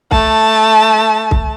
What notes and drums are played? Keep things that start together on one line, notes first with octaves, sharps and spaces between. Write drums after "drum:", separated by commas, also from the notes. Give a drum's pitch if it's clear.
A3 A5, drum: kick C2
drum: kick C2